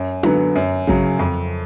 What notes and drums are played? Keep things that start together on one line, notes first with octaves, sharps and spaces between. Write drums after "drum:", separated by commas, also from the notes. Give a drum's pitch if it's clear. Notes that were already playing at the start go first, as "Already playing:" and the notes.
Already playing: F#2
D3 F#3 B3, drum: tom D#4
F#2
C#3 F#3, drum: kick A1
F2